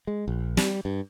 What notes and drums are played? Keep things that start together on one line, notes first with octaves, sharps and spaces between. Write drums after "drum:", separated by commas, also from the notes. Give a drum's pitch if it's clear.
G#3
A#1
G3, drum: snare
G2